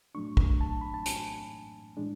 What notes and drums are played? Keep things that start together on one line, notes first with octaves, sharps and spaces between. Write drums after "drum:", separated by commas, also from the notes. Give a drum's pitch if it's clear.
A2 F#3 A3 D4 C#6
drum: kick
A5
B5
A5
G#5, drum: hi-hat
A2 E3 G#3 D4